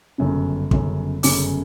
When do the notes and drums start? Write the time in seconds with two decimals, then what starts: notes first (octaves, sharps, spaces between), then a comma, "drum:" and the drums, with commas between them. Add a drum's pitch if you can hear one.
0.18 G1 F#2 C#3
0.71 G1 F#2 C#3, drum: kick
1.23 G1 F#2 C#3 D6, drum: open hi-hat